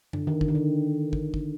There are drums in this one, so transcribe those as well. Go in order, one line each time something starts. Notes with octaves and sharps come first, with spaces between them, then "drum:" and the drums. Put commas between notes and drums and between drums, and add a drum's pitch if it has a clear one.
D3, drum: tom F#2
D#3
D3, drum: kick
D#3
D3
drum: kick
drum: kick